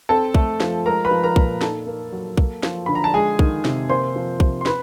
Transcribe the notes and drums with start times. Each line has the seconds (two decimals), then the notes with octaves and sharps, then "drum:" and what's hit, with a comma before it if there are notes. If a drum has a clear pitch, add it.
0.09 C4 A4 A5
0.34 A3, drum: kick B1
0.60 F3, drum: snare
0.85 G#3 A#4 A#5
1.05 B4 B5
1.11 F3
1.24 A#4 A#5
1.36 A#2, drum: kick B1
1.61 D#4 A4 A5, drum: snare
1.87 A#3
2.12 F#3
2.37 A#3, drum: kick B1
2.63 F3, drum: snare
2.86 D3 B5
2.95 A#5
3.04 A5
3.14 G#3 G#4 G#5
3.39 D#3, drum: kick B1
3.65 C3, drum: snare
3.90 A#3 C5 C6
4.16 F3
4.40 C3, drum: kick B1
4.61 C6
4.66 C4 B4 B5, drum: snare